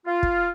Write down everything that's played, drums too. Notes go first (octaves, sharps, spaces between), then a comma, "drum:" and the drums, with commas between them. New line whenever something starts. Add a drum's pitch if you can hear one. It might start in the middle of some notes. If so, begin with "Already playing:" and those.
F4
drum: kick